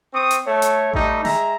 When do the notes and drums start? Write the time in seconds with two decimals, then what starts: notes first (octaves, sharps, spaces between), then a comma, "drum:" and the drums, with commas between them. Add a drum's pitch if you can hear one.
0.14 C4 C#6 D#6
0.31 drum: hi-hat
0.47 A3 C#5
0.62 drum: hi-hat
0.94 G3 A3 D#4, drum: kick A1
1.25 G#3 E5 A#5, drum: snare